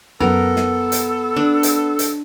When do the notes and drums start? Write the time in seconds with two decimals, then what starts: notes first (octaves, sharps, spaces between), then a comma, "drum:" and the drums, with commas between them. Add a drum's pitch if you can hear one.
0.20 F#2 B3 A4 A#4
0.56 drum: snare
0.92 drum: hi-hat
1.36 D4
1.63 drum: hi-hat
1.99 drum: hi-hat